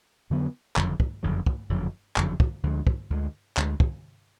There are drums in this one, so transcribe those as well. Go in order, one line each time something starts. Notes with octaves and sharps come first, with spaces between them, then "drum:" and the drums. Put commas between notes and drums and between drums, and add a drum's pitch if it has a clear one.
F2 D3 F#3 B3
F#1 F2 D3 F#3, drum: clap
drum: kick
F#1 F2 D3 F#3
drum: kick
F#1 F2 D3 F#3
F#1 F2 D3 F#3, drum: clap
drum: kick
D2 D3 F3 G#3
drum: kick
D2 D3 F3 G#3
D2 D3 F3 G#3, drum: clap
drum: kick